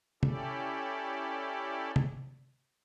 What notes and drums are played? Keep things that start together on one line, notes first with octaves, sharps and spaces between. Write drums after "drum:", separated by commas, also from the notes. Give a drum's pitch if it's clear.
C#4 E4 G4 A4 D5, drum: tom
drum: tom